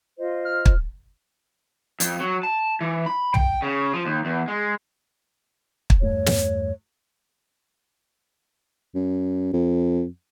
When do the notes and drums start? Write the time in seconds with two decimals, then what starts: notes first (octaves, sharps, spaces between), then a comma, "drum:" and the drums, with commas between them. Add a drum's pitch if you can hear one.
0.18 F4 C5 D#5
0.45 F6
0.66 drum: kick
2.00 F2, drum: hi-hat
2.20 F#3
2.43 A5
2.81 E3
3.06 B5
3.34 G5, drum: tom
3.62 C#3
3.94 F3
4.06 D#2
4.25 E2
4.48 G#3
5.90 drum: kick
6.02 E2 G2 A3 C#5
6.26 drum: snare
8.95 F#2
9.53 F2